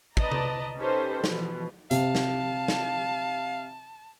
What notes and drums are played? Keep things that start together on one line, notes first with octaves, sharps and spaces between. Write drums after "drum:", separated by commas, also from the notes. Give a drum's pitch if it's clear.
B4 D5 D#5 A5 A#5, drum: kick
drum: tom C3
C#4 D#4 G4 A4 B4 C5
B2 E3 F3, drum: snare
C3 F5 A5, drum: hi-hat
drum: snare
drum: snare